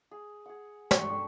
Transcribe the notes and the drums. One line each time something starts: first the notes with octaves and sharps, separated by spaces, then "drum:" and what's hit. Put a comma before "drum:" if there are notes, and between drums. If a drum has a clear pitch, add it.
G#4
G#4 F#5
D4 C5 C#6, drum: snare
C#4 D4 G4 A4